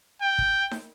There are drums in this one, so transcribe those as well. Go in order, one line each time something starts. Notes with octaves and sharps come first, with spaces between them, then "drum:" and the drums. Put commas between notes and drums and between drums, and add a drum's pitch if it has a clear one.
G5
drum: kick
drum: snare D#4